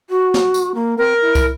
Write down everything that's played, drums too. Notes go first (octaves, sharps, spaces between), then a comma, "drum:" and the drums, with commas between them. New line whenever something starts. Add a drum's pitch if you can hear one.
F#4
drum: snare
drum: tambourine
A#3
C4 A#4
E4
drum: kick, tambourine